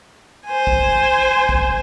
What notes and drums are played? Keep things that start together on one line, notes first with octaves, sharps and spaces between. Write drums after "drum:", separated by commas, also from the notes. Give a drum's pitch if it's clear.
C5 G#5
drum: kick
drum: kick